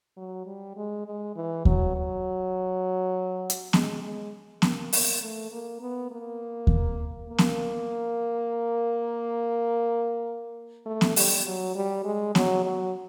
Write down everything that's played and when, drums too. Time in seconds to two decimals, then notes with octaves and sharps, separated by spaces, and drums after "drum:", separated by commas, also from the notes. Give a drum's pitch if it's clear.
0.16 F#3
0.46 G3
0.76 G#3
1.06 G#3
1.36 E3
1.65 F#3, drum: kick D#2
1.95 F#3
3.50 drum: hi-hat
3.73 G#3, drum: snare B3
4.03 G#3
4.62 A#3, drum: snare B3
4.93 A#3, drum: open hi-hat
5.21 A3
5.52 A#3
5.81 B3
6.11 A#3
6.67 drum: kick D#2
7.29 A#3
7.38 drum: snare B3
10.86 A3
11.01 drum: snare B3
11.16 G3, drum: open hi-hat
11.46 F#3
11.75 G3
12.04 G#3
12.35 F#3, drum: snare B3
12.65 F#3